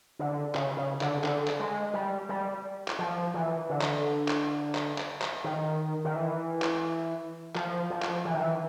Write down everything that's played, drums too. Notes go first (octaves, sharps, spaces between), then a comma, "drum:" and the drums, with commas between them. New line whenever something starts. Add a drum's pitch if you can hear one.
D3
C#3, drum: clap
C#3
D3, drum: clap
D3, drum: clap
drum: clap
G#3
G3
G3
drum: clap
F3
E3
D3
drum: clap
drum: clap
drum: clap
drum: clap
drum: clap
D#3
D#3
E3
drum: clap
F3, drum: clap
F3
drum: clap
E3
D#3
E3